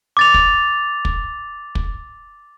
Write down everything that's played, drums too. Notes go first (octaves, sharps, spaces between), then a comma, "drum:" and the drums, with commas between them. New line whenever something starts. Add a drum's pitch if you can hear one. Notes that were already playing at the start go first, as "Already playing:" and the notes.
D6 A6 F7
drum: kick
drum: kick
drum: kick